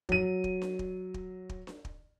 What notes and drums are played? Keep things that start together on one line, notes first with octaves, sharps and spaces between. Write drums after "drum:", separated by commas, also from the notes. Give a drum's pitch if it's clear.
F#3 D#7, drum: kick
drum: kick
drum: snare D4
drum: kick
drum: kick
drum: kick
drum: snare D4
drum: kick